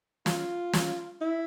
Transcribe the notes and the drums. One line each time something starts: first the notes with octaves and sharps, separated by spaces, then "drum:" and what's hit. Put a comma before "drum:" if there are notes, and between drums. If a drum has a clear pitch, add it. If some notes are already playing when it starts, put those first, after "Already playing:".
F4, drum: snare
drum: snare
E4